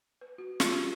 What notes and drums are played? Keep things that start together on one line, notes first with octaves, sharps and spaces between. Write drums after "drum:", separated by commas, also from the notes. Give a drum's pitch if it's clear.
B4
F#4
F4, drum: snare
G4